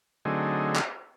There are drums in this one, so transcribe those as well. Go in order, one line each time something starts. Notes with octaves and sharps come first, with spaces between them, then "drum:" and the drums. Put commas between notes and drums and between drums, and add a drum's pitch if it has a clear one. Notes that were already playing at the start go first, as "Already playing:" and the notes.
D3 F#3 A3 C4 D#4 G#4
drum: clap